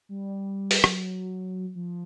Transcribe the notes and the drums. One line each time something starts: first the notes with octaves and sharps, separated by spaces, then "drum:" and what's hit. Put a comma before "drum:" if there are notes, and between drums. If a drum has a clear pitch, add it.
G3
drum: open hi-hat
F#3, drum: rim click
F3